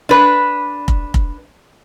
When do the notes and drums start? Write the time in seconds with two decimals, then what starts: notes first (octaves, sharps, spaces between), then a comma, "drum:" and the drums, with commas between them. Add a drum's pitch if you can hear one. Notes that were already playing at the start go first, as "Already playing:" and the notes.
0.09 D4 B4
0.88 drum: kick F1
1.14 drum: kick F1